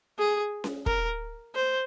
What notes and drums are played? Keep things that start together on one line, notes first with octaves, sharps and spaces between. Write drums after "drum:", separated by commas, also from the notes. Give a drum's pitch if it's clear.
G#4
drum: snare C#4
A#4, drum: kick
C5